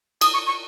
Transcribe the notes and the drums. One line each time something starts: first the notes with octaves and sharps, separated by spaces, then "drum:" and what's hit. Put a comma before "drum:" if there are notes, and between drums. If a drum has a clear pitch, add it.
D#6, drum: cymbal
C#6
C#6